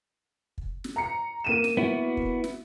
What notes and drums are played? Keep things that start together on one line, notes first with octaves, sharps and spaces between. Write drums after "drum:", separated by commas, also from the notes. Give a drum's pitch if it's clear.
drum: kick
drum: snare
A#5 C#7
A#3 D#7 E7
drum: snare
B3 E4 F#4
drum: kick
drum: snare